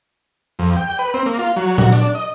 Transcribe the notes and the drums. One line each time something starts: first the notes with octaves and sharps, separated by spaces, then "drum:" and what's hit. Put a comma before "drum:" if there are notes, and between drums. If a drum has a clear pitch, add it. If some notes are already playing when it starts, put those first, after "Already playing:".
F2
G5
B4
C4
A#3
F4
F#3
F#4, drum: tom A#2
D4, drum: hi-hat
D#5